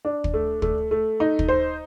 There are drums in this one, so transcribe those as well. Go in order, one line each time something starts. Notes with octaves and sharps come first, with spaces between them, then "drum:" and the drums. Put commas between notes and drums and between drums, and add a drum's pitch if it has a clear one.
D4
drum: kick
A3
A3, drum: kick
A3
D#4
drum: kick
C5